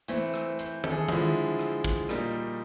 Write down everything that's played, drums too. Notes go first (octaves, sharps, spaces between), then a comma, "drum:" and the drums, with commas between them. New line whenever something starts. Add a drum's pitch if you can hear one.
E3 A3 C4, drum: hi-hat
drum: rim click
C5, drum: hi-hat
A4, drum: tom D#3
G#4
A4
D3 F3 G#3 E4, drum: tom D#3
drum: rim click
drum: kick
A#2 G3 A#3 D#4, drum: rim click